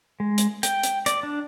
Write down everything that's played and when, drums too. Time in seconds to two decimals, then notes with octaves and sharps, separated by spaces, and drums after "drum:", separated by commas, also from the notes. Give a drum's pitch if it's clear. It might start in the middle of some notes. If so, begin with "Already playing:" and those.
0.20 G#3
0.38 drum: hi-hat
0.63 G5, drum: hi-hat
0.83 drum: hi-hat
1.06 D5, drum: hi-hat
1.23 D4